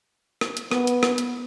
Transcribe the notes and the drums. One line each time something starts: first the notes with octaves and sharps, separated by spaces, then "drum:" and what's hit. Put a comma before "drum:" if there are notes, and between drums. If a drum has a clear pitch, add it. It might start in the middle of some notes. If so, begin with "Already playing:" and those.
drum: rim click
drum: hi-hat
B3, drum: rim click
drum: hi-hat
drum: rim click
drum: hi-hat